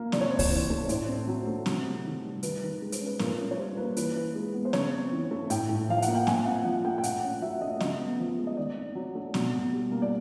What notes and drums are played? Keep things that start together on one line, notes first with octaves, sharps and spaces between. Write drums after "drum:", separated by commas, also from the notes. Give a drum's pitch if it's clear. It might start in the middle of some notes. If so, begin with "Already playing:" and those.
Already playing: A#3
C3 D5, drum: snare C4
C#5
C4 C5
C#5, drum: kick C#2, open hi-hat
E3
A3
A2 C5, drum: hi-hat
C4
F#3
A3
C3, drum: snare C4
C3
D#3
G3
D#3 B4, drum: hi-hat
D#3
G#3
C5, drum: hi-hat
C#4
B4
A#2 A#4, drum: snare C4
C#4 A#4
C#5
G3 C5
A#3 B4
E3 B4, drum: hi-hat
E3
G#3
B3
C5
C#3 C#5, drum: snare C4
C4
E3
A3
A2 G5, drum: hi-hat
A2
F3 F5
F#5, drum: hi-hat
A#3
G5
A#2 G#5, drum: snare C4
C4 F#5
F3 F#5
A3 G5
G5
A#2 F#5, drum: hi-hat
C#4
F#3 E5
A3 D#5
C#3 D#5, drum: snare C4
B3
F3
G#3
D#5
D#3 D5
C4
F#3
A3
B2, drum: snare C4
B2
G3
A#3
D5